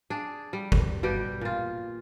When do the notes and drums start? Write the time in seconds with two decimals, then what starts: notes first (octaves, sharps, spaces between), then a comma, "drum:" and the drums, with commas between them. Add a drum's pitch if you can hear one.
0.10 D4 G#4
0.53 G3
0.72 drum: kick F#1
1.03 B2 G3 G4
1.41 A#2 F4